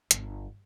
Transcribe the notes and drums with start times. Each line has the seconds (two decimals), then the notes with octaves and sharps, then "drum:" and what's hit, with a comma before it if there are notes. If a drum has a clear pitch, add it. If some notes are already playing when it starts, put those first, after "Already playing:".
0.11 G1, drum: hi-hat